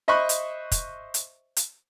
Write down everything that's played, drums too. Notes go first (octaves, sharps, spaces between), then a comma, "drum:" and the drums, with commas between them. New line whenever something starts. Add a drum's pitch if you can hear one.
C5 D#5 E5 B5 C#6 F#6
drum: hi-hat
drum: kick, hi-hat
drum: hi-hat
drum: hi-hat